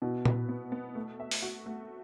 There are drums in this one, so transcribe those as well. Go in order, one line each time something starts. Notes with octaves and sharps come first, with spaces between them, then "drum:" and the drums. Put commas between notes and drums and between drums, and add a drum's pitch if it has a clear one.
B2 E4
B4, drum: tom A#2
B3
B3
A3
E5
drum: open hi-hat
F#4
A3